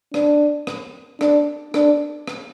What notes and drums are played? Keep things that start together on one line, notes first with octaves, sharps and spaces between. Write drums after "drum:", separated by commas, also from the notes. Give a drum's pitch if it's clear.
D4, drum: rim click
drum: rim click
D4, drum: rim click
D4, drum: rim click
drum: rim click